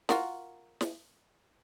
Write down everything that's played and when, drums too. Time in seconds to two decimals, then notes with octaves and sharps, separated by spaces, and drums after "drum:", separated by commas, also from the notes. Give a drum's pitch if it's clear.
0.09 F4 F#4 A#4, drum: snare
0.81 drum: snare